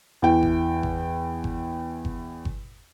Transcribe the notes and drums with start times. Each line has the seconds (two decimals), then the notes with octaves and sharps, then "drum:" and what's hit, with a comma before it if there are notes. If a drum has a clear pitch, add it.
0.22 E2 E3 G5
0.43 drum: kick G1
0.83 drum: kick G1
1.44 drum: kick G1
2.05 drum: kick G1
2.45 drum: kick G1